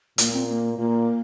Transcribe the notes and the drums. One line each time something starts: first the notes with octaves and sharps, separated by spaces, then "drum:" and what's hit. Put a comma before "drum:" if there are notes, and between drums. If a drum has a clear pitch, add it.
A#2 A#3, drum: hi-hat
C4
A#3
A#2 A#3